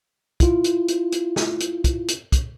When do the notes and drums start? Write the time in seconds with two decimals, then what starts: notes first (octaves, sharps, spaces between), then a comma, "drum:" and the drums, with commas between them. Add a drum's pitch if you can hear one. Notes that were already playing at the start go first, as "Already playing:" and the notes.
0.40 E4 F4, drum: kick, hi-hat
0.64 drum: hi-hat
0.88 drum: hi-hat
1.12 drum: hi-hat
1.36 drum: snare
1.60 drum: hi-hat
1.84 drum: kick, hi-hat
2.08 drum: hi-hat
2.32 drum: kick, hi-hat